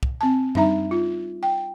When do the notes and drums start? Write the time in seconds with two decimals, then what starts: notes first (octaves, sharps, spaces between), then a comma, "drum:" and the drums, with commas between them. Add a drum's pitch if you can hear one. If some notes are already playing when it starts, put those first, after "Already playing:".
0.03 drum: kick
0.21 C4 A5
0.55 G3 D4 D#4 E5 A#5, drum: tom F#2
0.91 F4
1.43 G5